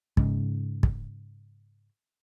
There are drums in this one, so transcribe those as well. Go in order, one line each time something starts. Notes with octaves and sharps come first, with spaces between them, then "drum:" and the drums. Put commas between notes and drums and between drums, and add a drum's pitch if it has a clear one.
G#2 C#3, drum: kick
drum: kick